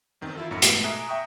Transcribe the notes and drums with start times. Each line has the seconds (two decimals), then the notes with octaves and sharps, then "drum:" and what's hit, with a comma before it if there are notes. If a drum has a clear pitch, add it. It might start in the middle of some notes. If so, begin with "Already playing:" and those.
0.21 E2 D#3 C4
0.35 E4 F4 A4
0.51 A1 F#2 D#4 B5 C#7
0.62 G#2 B2 A3, drum: hi-hat
0.84 E5 G#5 A#5 D#6 F#6 D7
1.09 E5 G5 A#5 C#6 D#6